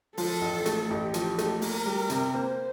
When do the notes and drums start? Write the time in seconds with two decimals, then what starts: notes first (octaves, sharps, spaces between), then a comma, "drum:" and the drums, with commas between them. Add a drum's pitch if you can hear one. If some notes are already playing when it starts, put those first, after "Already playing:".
0.17 F3 A4, drum: open hi-hat
0.41 A1
0.66 A3, drum: hi-hat
0.90 A1 G4
1.14 F3, drum: hi-hat
1.38 A3, drum: hi-hat
1.62 A#3 A#4, drum: open hi-hat
1.85 G3
2.10 C3, drum: hi-hat
2.34 A#3 C5